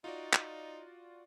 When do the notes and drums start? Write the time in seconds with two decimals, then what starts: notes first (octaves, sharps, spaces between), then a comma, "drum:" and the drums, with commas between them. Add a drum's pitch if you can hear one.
0.04 D#4 F4 F#4 D5
0.33 drum: clap